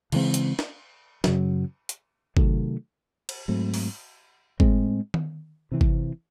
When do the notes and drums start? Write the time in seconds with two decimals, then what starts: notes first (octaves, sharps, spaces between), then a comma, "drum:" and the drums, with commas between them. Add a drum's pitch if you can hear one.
0.12 C#3 E3 G#3 C4, drum: cymbal
0.34 drum: hi-hat
0.59 drum: snare
1.24 F#2 C#3 F#3, drum: snare
1.89 drum: hi-hat
2.37 C3 D#3 F#3 A3, drum: kick G1
3.29 drum: cymbal
3.48 G#2 F#3 A3 C4
3.74 drum: open hi-hat
4.60 A2 G#3 C4, drum: kick G1
5.14 drum: tom D#3
5.72 C3 E3 C4
5.81 drum: kick G1